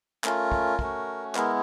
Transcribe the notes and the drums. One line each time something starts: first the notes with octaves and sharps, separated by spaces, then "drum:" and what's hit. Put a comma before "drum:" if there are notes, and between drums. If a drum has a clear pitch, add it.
A3 C#4 F4 A#4, drum: clap
drum: kick
A3 C#4 F#4, drum: kick
G#3 B3 E4 A#4, drum: clap